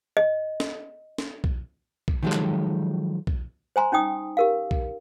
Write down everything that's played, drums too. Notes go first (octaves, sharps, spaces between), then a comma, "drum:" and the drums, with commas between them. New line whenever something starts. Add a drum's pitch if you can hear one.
D#5
drum: snare
drum: snare
drum: kick B1
drum: kick B1
D#3 F3 F#3 G#3 G4 A4
drum: clap
drum: kick B1
C5 G#5 A#5 C6
C#4 D#4 G5 D#6
G4 A#4 F5
drum: kick B1